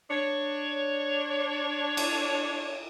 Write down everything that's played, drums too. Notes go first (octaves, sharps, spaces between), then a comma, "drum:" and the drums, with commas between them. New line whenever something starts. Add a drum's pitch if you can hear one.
D4 C#5
drum: cymbal